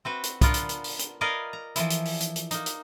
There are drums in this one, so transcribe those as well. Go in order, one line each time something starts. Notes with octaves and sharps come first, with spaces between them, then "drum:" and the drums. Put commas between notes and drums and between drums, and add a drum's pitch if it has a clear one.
C4 F#4 B4
drum: hi-hat
B3 D4 F4 A#4 F#5, drum: kick C2, hi-hat
drum: hi-hat
drum: hi-hat
drum: open hi-hat
drum: hi-hat
A#4 B4 D5 D#5 F5 G#5
A#5
E3 F3 E4, drum: hi-hat
drum: hi-hat
drum: open hi-hat
drum: hi-hat
drum: hi-hat
A#3 D#4, drum: hi-hat
drum: hi-hat